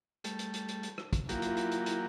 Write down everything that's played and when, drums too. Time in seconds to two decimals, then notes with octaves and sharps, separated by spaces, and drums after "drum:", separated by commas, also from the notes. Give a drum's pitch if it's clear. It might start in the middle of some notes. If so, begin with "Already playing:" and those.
0.24 G3 A3, drum: hi-hat
0.39 drum: hi-hat
0.54 drum: hi-hat
0.68 drum: hi-hat
0.83 drum: hi-hat
0.98 drum: rim click
1.13 drum: kick, hi-hat
1.29 F#3 A#3 E4 F4 G4, drum: hi-hat
1.42 drum: hi-hat
1.57 drum: hi-hat
1.72 drum: hi-hat
1.86 drum: hi-hat